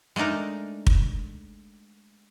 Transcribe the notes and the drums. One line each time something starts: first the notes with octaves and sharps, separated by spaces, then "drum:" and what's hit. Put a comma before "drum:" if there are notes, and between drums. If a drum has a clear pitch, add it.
G#3 A3 D4 D#4 A#4
drum: kick